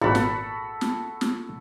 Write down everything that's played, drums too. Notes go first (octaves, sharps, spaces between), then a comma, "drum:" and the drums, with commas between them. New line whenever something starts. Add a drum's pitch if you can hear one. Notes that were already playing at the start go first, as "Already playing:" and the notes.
G#1 A#2 F#4 A4 B5
drum: snare
drum: snare
drum: snare